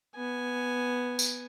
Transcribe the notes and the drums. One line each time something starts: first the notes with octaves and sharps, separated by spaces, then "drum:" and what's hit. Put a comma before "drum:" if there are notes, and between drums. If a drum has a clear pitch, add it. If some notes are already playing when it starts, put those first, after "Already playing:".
B3 G#5
drum: tambourine